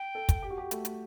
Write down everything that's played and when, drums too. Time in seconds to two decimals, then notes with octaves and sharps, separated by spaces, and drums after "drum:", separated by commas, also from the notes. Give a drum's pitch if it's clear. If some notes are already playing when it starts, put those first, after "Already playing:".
Already playing: G5
0.15 A4
0.29 drum: kick, hi-hat
0.42 G4
0.50 F#4
0.58 G4
0.71 A3, drum: hi-hat
0.85 drum: hi-hat